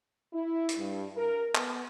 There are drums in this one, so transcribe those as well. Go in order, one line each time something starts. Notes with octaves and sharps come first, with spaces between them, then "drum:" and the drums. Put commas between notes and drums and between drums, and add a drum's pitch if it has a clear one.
E4
drum: hi-hat
G2
A#4
B3, drum: clap